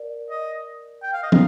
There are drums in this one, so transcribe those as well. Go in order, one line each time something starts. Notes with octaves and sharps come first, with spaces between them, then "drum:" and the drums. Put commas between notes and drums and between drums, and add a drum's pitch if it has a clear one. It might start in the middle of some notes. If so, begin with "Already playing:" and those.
Already playing: A#4 D5
D#5
G5
F5
D#5
F5, drum: tom